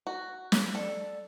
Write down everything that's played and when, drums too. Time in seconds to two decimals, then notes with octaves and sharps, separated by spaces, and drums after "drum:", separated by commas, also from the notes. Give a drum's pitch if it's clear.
0.07 F#4
0.52 drum: snare
0.75 A4 D5